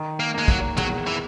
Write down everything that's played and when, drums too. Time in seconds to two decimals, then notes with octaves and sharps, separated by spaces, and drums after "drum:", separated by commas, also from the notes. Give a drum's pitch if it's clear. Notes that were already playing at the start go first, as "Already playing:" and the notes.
Already playing: D#3
0.20 A#3
0.34 G#3 A#3
0.48 F#3, drum: kick
0.77 E2 F#3, drum: tom
1.07 E3